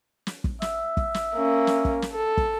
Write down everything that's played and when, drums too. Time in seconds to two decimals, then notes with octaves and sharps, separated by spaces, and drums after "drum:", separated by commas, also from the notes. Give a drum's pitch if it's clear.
0.27 drum: snare
0.44 drum: kick
0.62 E5, drum: snare
0.97 drum: kick
1.14 drum: snare
1.35 A#3 C#4
1.67 drum: snare
1.85 drum: kick
2.02 drum: snare
2.13 A4
2.37 drum: kick